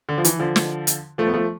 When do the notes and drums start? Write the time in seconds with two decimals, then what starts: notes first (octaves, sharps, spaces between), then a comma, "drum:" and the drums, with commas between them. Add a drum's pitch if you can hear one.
0.09 D3
0.18 F3
0.24 E3, drum: hi-hat
0.39 D3 F3
0.56 drum: snare
0.87 drum: hi-hat
1.18 F3 A3
1.27 B3
1.34 F3 A3